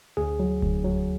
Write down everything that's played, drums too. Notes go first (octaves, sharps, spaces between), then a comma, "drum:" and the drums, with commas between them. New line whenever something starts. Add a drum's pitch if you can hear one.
D2 G#4
F#3
D2, drum: kick D#1
F#3